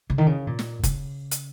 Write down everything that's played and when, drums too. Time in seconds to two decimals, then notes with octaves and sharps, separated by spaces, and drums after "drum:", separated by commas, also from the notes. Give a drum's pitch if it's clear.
0.10 C#3
0.18 D#3
0.27 C#3
0.47 A#2
0.59 drum: snare
0.83 C#3, drum: kick F1, hi-hat
1.31 drum: hi-hat